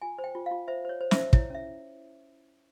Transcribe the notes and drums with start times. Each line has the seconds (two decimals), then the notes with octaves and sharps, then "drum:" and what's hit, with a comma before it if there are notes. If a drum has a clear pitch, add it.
0.02 F4 G#5
0.18 C5
0.24 G5
0.35 F4
0.46 F4 F5
0.68 C5 E5
0.85 C5 C#5
1.01 C5
1.11 E5, drum: snare
1.16 C5
1.33 E4 C#5, drum: kick
1.50 C#4 E5